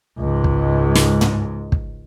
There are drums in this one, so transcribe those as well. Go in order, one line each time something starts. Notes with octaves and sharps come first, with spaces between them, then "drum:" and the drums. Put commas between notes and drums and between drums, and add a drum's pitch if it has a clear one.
C#2 G#2
drum: kick
drum: snare
drum: tom
drum: kick